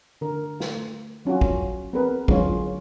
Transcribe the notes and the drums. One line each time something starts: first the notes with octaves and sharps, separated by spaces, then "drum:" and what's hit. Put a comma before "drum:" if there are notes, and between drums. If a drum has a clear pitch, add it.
D3 A#4
A3, drum: snare
F#3 C#4 F4 F#4
drum: kick
B3 C4 G#4 A#4 B4
D3 F#3 G#3 C#4 F4 C#5, drum: kick